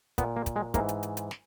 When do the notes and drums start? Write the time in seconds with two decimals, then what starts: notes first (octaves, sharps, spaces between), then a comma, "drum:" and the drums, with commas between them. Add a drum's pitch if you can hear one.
0.18 A#2 B3, drum: kick, hi-hat
0.36 A#3
0.46 drum: kick, hi-hat
0.56 G#3
0.74 G#2 E3 A#3, drum: kick, hi-hat
0.89 drum: hi-hat
1.03 drum: hi-hat
1.17 drum: hi-hat
1.31 drum: snare